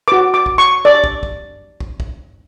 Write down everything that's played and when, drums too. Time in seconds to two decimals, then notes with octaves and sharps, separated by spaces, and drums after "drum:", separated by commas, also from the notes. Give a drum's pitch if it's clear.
0.08 F#4 B4 D6
0.34 D6
0.46 drum: kick
0.58 C#6
0.85 D5
1.04 drum: kick
1.23 drum: kick
1.80 drum: kick
2.00 drum: kick